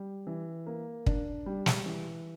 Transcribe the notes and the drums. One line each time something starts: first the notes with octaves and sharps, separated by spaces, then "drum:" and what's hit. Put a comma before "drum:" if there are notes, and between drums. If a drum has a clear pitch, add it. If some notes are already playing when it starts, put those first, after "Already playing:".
Already playing: G3
E3
A#3
D4, drum: kick
G3
drum: snare
E3